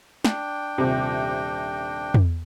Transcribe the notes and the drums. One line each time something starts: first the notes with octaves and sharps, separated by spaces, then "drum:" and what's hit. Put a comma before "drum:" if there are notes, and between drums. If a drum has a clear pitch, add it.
D4 G5, drum: snare
D#1 C3
drum: tom